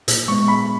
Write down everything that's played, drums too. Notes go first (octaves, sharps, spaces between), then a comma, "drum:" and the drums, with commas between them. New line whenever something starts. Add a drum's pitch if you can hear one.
A#2, drum: hi-hat
G#3 B3 C#6
A#2 B5